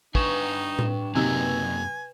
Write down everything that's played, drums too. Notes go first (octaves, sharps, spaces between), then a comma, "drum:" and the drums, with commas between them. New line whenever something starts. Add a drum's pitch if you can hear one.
G3 D4 D#4 B4 G#5 C#6 E7, drum: kick
drum: tom A2
F#2 C3 F#3 A#3 D#4 G#5 E6